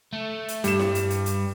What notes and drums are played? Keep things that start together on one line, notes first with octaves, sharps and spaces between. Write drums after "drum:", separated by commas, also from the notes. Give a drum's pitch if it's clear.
A3
drum: hi-hat
G2 G3 E7, drum: hi-hat
drum: snare E4
drum: hi-hat
drum: hi-hat
drum: hi-hat